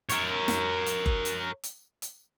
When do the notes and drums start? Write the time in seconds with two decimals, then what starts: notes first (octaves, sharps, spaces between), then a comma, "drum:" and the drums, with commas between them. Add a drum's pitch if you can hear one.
0.09 A#4 C#5, drum: hi-hat
0.48 drum: snare
0.86 drum: hi-hat
1.06 drum: kick F#1
1.25 drum: hi-hat
1.63 drum: hi-hat
2.02 drum: hi-hat